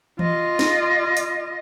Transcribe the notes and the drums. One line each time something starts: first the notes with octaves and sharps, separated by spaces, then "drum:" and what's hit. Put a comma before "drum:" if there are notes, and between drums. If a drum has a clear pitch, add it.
F4 D#5, drum: tom E3
drum: snare
drum: hi-hat